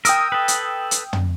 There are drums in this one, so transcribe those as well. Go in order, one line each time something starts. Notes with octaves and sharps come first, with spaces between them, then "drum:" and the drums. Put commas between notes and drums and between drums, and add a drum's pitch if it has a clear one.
A#4 G5 D#6 E6, drum: hi-hat
A4 B4
drum: hi-hat
drum: hi-hat
drum: tom